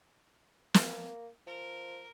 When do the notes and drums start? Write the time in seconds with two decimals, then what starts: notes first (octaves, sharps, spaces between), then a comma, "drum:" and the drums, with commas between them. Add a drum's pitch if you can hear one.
0.74 A#3, drum: snare
1.47 F3 A#4